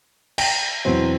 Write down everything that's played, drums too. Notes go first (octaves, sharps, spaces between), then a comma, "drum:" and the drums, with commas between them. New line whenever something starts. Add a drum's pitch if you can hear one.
G5, drum: cymbal
E2 B2 F#3 C4